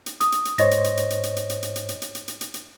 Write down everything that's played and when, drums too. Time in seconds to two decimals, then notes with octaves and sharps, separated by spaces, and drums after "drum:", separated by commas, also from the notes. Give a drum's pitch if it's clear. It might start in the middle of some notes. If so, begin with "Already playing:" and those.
0.06 drum: hi-hat
0.20 D#6, drum: hi-hat
0.32 drum: hi-hat
0.45 drum: hi-hat
0.58 G#2 C5 C#5 D#5 A#6, drum: hi-hat
0.71 drum: hi-hat
0.84 drum: hi-hat
0.97 drum: hi-hat
1.10 drum: hi-hat
1.23 drum: hi-hat
1.36 drum: hi-hat
1.50 drum: hi-hat
1.63 drum: hi-hat
1.76 drum: hi-hat
1.89 drum: hi-hat
2.02 drum: hi-hat
2.15 drum: hi-hat
2.28 drum: hi-hat
2.41 drum: hi-hat
2.54 drum: hi-hat